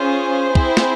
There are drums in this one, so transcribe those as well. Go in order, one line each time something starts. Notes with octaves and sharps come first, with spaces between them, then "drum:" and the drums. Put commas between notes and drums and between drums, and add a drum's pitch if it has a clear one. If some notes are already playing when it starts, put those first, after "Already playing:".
Already playing: C#4 F4 G#4 C5
C4 E4 G#4, drum: kick
drum: snare